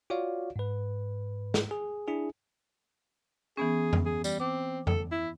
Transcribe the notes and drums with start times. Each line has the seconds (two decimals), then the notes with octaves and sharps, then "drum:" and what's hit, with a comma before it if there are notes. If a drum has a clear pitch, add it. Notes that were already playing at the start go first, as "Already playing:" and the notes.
0.10 F4 F#4 C#5 D5 F5
0.56 G#2 B4
1.54 drum: snare
1.71 G#4
2.08 D4 E4 G#4
3.57 E3 B3 C#4 G#4
3.93 drum: tom F2
4.06 G#4
4.24 G3, drum: tambourine
4.40 C4 D6
4.87 A4, drum: tom F2
5.12 E4